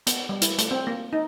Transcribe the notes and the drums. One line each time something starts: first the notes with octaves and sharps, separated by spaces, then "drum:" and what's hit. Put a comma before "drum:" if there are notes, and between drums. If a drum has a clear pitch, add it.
B3, drum: hi-hat
G3
E4, drum: hi-hat
A3, drum: hi-hat
C4
A#3
D#4